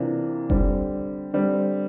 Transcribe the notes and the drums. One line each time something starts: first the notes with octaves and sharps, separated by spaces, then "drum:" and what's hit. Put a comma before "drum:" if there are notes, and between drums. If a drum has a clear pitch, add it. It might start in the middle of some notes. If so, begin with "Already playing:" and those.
Already playing: C3 E3 A#3 D4 F4
D3 G3 C4, drum: kick F1
D3 G3 C4